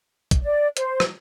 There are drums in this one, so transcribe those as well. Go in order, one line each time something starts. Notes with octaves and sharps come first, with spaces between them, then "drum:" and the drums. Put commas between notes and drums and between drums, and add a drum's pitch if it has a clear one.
drum: kick B1, hi-hat
D5
C5, drum: hi-hat
drum: rim click